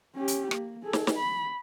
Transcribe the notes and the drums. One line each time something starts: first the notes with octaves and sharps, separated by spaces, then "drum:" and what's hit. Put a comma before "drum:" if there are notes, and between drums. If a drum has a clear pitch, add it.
C#4 G4
drum: hi-hat
A#3, drum: rim click
G#4 A4
drum: snare
drum: snare
B5